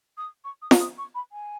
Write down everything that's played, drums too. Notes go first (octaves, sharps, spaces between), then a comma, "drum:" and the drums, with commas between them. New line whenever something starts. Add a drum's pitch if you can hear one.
D#6
C#6
D#6
drum: snare F4
D#6
C#6
B5
G#5